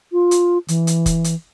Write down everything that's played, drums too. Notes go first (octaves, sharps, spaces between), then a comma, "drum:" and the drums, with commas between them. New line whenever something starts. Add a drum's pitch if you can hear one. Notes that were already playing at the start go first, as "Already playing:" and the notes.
F4
drum: hi-hat
E3, drum: hi-hat
drum: hi-hat
drum: kick F1, hi-hat
drum: hi-hat